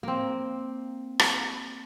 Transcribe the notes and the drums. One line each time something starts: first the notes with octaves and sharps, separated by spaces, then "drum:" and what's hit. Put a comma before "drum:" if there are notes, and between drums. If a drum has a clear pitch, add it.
A#3 C4
drum: rim click